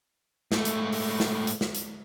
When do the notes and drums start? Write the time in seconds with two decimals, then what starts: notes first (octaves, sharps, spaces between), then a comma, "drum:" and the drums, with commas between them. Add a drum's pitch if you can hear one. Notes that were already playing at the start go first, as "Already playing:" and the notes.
0.52 G#2 A3, drum: snare
0.65 drum: hi-hat
0.93 drum: open hi-hat
1.20 drum: snare
1.47 drum: hi-hat
1.61 drum: snare
1.75 drum: hi-hat